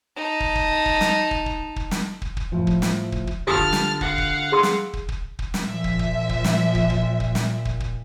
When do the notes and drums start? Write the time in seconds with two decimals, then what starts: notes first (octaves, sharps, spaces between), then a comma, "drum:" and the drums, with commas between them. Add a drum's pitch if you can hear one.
0.16 D#4 A5
0.40 drum: kick
0.55 drum: kick
0.86 drum: kick
1.01 drum: snare
1.31 drum: kick
1.46 drum: kick
1.76 drum: kick
1.91 drum: snare
2.22 drum: kick
2.37 drum: kick
2.52 A2 F3
2.67 drum: kick
2.82 drum: snare
3.12 drum: kick
3.27 drum: kick
3.47 D3 F4 G4 A5 F6
3.58 drum: kick
3.73 drum: snare
4.01 F5 F#5, drum: kick
4.18 drum: kick
4.52 G#4 C6 E6
4.63 drum: snare
4.93 drum: kick
5.09 drum: kick
5.39 drum: kick
5.54 drum: snare
5.65 A#2 F3 E5
5.84 drum: kick
5.99 drum: kick
6.29 drum: kick
6.44 drum: snare
6.75 drum: kick
6.90 drum: kick
7.20 drum: kick
7.35 drum: snare
7.65 drum: kick
7.80 drum: kick